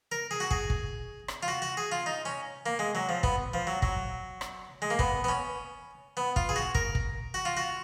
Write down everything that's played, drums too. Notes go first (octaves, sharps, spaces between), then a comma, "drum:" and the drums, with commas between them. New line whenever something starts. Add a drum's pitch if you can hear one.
A#4
G#4
F#4
G#4, drum: kick
drum: kick
drum: rim click
F4
F#4
F#4
G#4
F4
D#4
C#4
A#3
G#3
F#3
F3
B3, drum: kick
F3
F#3
F#3, drum: kick
drum: rim click
G#3
A#3
B3, drum: kick
B3
C#4
B3
F4, drum: kick
G#4
F#4
A#4, drum: kick
drum: kick
F#4
F4
F#4